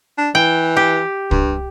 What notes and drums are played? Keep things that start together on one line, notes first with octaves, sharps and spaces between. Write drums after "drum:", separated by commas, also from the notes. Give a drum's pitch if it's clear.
D4
E3 G5
G4
G2, drum: kick